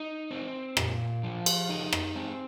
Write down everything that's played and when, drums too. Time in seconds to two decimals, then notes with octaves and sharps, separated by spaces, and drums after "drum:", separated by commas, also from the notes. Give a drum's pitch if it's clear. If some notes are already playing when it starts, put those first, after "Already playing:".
Already playing: D#4
0.31 C4
0.77 A#2, drum: rim click
1.23 F3
1.46 drum: cymbal
1.69 D#4
1.93 drum: rim click
2.16 C4